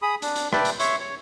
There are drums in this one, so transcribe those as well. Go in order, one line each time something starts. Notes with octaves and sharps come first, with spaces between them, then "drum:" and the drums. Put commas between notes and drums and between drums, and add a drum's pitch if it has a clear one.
G#4 B5 D#6
D4, drum: hi-hat
drum: hi-hat
B4 D5 E5 G5 A5, drum: rim click
drum: hi-hat
C#5 E5 C6 C#6, drum: hi-hat
C#5